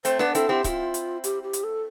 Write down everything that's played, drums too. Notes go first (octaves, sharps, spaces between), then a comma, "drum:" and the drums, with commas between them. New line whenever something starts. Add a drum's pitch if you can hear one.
A3 C4 C5, drum: hi-hat
B3 D4 B4, drum: snare
C4 E4 A4, drum: hi-hat
C4 E4 G4
C4 E4 F4 G4, drum: kick C#1, hi-hat
drum: hi-hat
G4, drum: hi-hat
G4
drum: hi-hat
A4